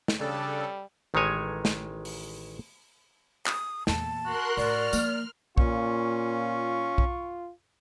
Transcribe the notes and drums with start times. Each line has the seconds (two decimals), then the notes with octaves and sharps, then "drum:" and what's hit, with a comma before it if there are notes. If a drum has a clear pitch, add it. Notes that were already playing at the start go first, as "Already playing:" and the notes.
0.08 drum: snare
0.20 C#3 G3 D4 A4
1.14 A1 D#3 E3 G#3 C#5 G#5
1.65 drum: snare
2.05 drum: open hi-hat
3.46 D#6, drum: clap
3.87 E2 A#2 A5, drum: snare
4.26 F#4 A#4 C6 F#6
4.57 A2 D5 F6
4.93 F3 A#3, drum: tambourine
5.58 A#2 C#4 F4 C#6, drum: kick B1
6.98 drum: kick B1